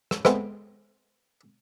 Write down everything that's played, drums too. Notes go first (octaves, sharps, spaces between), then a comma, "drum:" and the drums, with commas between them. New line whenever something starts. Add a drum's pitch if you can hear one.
drum: rim click
G#3 A3 B3 C4, drum: rim click